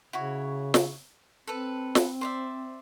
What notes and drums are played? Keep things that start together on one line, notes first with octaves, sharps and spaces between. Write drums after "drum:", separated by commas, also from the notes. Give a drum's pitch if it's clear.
C#3 E4 F#4 C#5
drum: snare
C4 A4 B4
drum: snare
C5 D5 E5